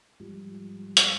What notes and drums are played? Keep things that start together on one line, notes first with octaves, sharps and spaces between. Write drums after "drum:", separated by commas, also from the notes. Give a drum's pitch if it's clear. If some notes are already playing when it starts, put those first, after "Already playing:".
G#2 F3 G3
drum: hi-hat